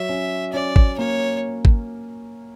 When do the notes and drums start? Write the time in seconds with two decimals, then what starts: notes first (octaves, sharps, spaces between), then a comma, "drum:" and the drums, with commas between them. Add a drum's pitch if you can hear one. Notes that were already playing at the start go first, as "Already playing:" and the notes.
Already playing: F#3 E5
0.09 C#4
0.53 C#4 D5
0.76 drum: kick G#1
0.98 A#3 C#5
1.65 drum: kick G#1